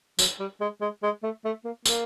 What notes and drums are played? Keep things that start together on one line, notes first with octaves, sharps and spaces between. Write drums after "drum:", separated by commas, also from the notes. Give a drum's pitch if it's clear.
F#3, drum: tambourine
G3
G#3
G#3
G#3
A3
A3
A#3
A#3, drum: tambourine